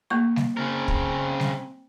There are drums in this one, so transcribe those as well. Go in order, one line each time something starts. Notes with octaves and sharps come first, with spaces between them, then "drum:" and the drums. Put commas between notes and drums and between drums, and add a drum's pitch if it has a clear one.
A3 A#3 C#6
drum: snare G3
C#3 C4 A#4
drum: kick
drum: snare G3